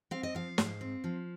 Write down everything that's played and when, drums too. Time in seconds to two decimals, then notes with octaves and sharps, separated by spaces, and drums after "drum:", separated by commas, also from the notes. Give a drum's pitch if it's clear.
0.11 C4 F5
0.23 D#5
0.35 F3 F5
0.58 G#2, drum: snare
0.81 C4
1.04 F3